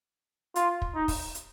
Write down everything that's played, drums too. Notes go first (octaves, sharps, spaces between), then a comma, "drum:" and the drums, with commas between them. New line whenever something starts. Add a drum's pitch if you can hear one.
F4, drum: hi-hat
drum: kick
D#4
drum: kick, open hi-hat
drum: hi-hat